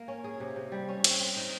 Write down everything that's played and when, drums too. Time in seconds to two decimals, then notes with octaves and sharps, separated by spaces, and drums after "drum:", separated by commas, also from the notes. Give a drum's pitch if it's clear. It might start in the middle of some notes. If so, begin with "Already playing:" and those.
Already playing: A#3
0.08 C#4
0.24 G#4
0.40 C3
0.56 C3
0.72 G3
0.88 C#4
1.04 C4, drum: cymbal
1.20 C4
1.37 D#4